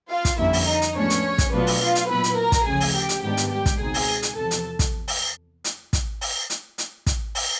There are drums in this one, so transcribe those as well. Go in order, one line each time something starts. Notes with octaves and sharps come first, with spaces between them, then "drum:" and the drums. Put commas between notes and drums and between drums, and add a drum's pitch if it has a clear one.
F4 F5
drum: kick, hi-hat
F2 D3 G3 A#3 C#4 E4 E5
drum: open hi-hat
D#4 D#5
drum: hi-hat
A2 F3 G#3 B3 C#4 D4 C#5
drum: hi-hat
drum: kick, hi-hat
B2 F#3 A3 B3 D4 F4 B4
drum: open hi-hat
F4 F5
drum: hi-hat
A#2 F#3 B3 E4 B4 B5
drum: hi-hat
A#4 A#5
drum: kick, hi-hat
D2 C#3 F3 A3 G#4 G#5
drum: open hi-hat
G4 G5
drum: hi-hat
G#2 D#3 G3 B3 D4 G4 G5
drum: hi-hat
G4 G5
drum: kick, hi-hat
C#2 B2 G#3 C4 D#4 G#4 G#5
drum: open hi-hat
drum: hi-hat
E2 C3 F3 A4 A5
drum: hi-hat
drum: kick, hi-hat
drum: open hi-hat
drum: hi-hat
drum: kick, hi-hat
drum: open hi-hat
drum: hi-hat
drum: hi-hat
drum: kick, hi-hat
drum: open hi-hat